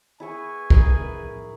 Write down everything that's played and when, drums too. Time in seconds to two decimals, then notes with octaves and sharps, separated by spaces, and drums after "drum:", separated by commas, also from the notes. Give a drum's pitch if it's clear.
0.20 B3 E4 G#4 G#5 C#6
0.70 G#4 A#4 B5, drum: kick